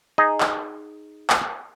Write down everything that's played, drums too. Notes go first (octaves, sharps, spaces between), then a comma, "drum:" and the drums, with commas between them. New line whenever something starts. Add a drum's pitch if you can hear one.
D#4 G#4 D#5
drum: clap
drum: clap